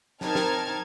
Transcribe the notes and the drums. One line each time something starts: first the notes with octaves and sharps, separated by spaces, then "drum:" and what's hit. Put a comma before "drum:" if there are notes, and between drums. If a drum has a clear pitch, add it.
C4 D#4 A#4 A5 F6 G#6, drum: snare
drum: snare